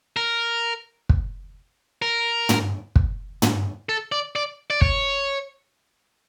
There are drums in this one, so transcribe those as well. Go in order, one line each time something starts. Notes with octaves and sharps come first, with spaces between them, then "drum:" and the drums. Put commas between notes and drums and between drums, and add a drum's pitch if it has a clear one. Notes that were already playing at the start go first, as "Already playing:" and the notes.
A#4
drum: kick
A#4
drum: tom
drum: kick
drum: tom
A4
D5
D5
D5
C#5, drum: kick